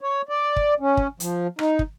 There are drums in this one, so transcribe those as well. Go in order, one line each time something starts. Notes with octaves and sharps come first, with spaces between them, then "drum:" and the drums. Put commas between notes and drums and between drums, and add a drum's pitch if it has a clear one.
C#5
D5
drum: kick
C#4
drum: kick
F3, drum: hi-hat
D#4, drum: rim click
drum: kick